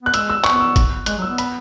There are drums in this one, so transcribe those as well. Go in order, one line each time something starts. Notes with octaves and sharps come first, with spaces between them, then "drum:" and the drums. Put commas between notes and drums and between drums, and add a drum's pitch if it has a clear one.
B3 F#6
G#3 E6, drum: hi-hat
E6
B3 C#6, drum: clap
C#6
E6
drum: kick, hi-hat
G#3 F#6, drum: hi-hat
F#3
E6
B3
B5, drum: hi-hat